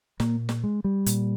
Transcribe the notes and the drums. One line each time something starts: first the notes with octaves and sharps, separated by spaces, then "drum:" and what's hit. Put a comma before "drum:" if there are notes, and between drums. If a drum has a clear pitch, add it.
A#2 A#3, drum: snare
drum: snare
G#3
G3
A#2, drum: hi-hat